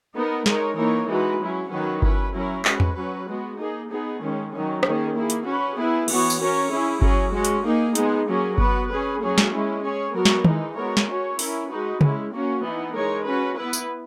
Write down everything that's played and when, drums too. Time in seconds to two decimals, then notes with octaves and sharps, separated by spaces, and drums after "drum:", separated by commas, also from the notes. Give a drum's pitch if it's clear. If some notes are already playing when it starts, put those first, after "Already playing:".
0.15 B3 D#4 A#4
0.46 G#3 D#4 A#4 C#5, drum: snare
0.77 E3 A#3 D#4 A#4 C#5
1.09 E3 G#3 D#4 F#4 B4
1.40 F#3 C#4 E4
1.71 D#3 F#3 C#4 F#4 B4
2.02 C#4 E4 B4, drum: kick G1
2.33 F#3 C#4 E4 A#4
2.65 G#3 C#4 F#4 B4, drum: clap
2.80 drum: tom E2
2.96 F#3 C#4 F#4 B4
3.27 G#3 B3 F#4
3.59 A#3 D#4 G#4
3.90 B3 D#4 G#4
4.21 D#3 G#3 C#4
4.53 D#3 F#3 C#4
4.83 D#3 A#3 C#4 G#4, drum: rim click
5.14 A#3 E4 G#4
5.30 drum: hi-hat
5.46 C#4 F#4 B4
5.77 B3 E4 G#4 B4
6.08 E3 B3 F#4 C#5, drum: cymbal
6.30 drum: tambourine
6.39 C#4 F#4 A#4 C#5
6.70 C#4 E4 G#4
7.02 F#3 C#4 G#4, drum: kick G1
7.33 G#3 C#4 F#4
7.45 drum: hi-hat
7.64 A#3 D#4 G#4
7.95 G#3 B3 D#4 G#4, drum: hi-hat
8.27 F#3 A#3 C#4 G#4
8.58 B3 F#4 B4, drum: kick G1
8.88 C#4 G#4 B4
9.20 F#3 A#3 C#4 G#4 C#5
9.38 drum: snare
9.52 G#3 C#4 E4
9.82 C#4 G#4 C#5
10.14 F#3 B3 F#4 A#4
10.25 drum: snare
10.45 E3 G#3 D#4, drum: tom D#3
10.77 G#3 B3 F#4 A#4 C#5
10.97 drum: snare
11.08 C#4 F#4 C#5
11.39 C#4 E4 A#4, drum: open hi-hat
11.70 G#3 D#4 F#4 B4
12.01 G#3 C#4 E4, drum: tom C#3
12.32 A#3 C#4 F#4
12.63 E3 B3 D#4
12.95 G#3 D#4 A#4 C#5
13.26 C#4 F#4 B4
13.58 B3 E4 B4
13.73 drum: tambourine